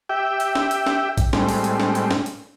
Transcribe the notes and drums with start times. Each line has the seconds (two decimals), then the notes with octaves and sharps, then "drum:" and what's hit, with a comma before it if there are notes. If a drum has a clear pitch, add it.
0.09 G4 E5 G5
0.40 drum: hi-hat
0.55 drum: snare
0.71 drum: hi-hat
0.86 drum: snare
1.18 drum: kick A#1, hi-hat
1.33 A2 G3 G#3 C4, drum: snare
1.49 drum: open hi-hat
1.64 drum: hi-hat
1.80 drum: snare
1.95 drum: hi-hat
2.11 drum: snare
2.26 drum: hi-hat